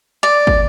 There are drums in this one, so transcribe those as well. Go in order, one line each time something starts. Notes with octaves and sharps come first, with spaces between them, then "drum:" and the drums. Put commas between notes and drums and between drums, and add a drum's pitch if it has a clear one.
D5
drum: kick